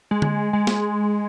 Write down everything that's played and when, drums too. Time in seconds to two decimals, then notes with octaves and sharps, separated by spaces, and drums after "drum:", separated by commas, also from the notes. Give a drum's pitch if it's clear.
0.11 G#3
0.22 drum: tom D3
0.53 G#3
0.67 drum: snare